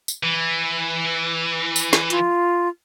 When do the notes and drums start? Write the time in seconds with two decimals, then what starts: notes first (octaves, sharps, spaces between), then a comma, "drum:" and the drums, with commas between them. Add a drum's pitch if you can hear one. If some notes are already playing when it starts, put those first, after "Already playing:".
0.08 drum: tambourine
0.23 E3
1.76 drum: tambourine
1.93 drum: snare
2.10 F4, drum: hi-hat